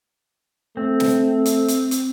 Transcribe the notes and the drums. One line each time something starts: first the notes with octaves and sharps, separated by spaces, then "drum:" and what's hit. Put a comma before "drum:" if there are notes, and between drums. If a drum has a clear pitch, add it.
A3 C4
drum: snare
drum: hi-hat
drum: hi-hat
drum: hi-hat